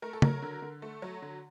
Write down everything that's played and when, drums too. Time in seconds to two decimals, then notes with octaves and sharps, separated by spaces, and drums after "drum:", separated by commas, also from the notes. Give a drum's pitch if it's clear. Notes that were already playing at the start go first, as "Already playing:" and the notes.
0.02 A3 A#4
0.13 A4
0.22 F#3 A#4, drum: tom
0.42 D3
0.62 D3
0.82 A3
1.02 F#3
1.22 D3